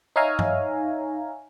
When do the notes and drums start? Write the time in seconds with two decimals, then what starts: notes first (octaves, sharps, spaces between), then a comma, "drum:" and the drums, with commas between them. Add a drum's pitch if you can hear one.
0.16 D#4 C#5 E5 F5 G#5 A#5
0.39 drum: tom G2